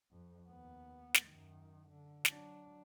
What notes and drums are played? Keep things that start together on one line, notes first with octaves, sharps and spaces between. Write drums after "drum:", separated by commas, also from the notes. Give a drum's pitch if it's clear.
F2
D#2 B3
drum: snare
F#2 D#3
D3
F#3 D4, drum: snare